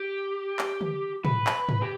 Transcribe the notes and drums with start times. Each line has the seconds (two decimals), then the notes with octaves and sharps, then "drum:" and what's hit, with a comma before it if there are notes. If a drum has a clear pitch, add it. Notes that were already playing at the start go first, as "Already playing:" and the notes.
Already playing: G4
0.59 drum: clap
0.81 drum: tom
1.25 B4, drum: tom
1.47 drum: clap
1.69 drum: tom
1.82 G4